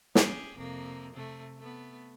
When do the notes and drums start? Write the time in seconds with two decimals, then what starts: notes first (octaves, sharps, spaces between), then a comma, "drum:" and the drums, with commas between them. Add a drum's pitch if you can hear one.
0.15 C#4 G4 G#4, drum: snare
0.56 F2 C3 A#3
1.14 C3 A3
1.59 A3 B3